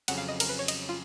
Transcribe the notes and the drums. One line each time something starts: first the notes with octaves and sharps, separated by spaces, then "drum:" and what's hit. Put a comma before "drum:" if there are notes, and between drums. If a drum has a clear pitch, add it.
F2 C#3 F#3 C#4 F#5, drum: cymbal
F5
D#5
A#4, drum: cymbal
B4
C#5
D#5, drum: cymbal
F4